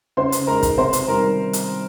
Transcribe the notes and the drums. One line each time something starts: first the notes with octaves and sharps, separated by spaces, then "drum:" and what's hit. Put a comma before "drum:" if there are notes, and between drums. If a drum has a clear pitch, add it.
C#3 C5 C6
drum: hi-hat
G#3 D#4 A#4 A#5
drum: kick, hi-hat
C3 C5 C6
drum: hi-hat
D#3 G3 A#4 A#5
drum: hi-hat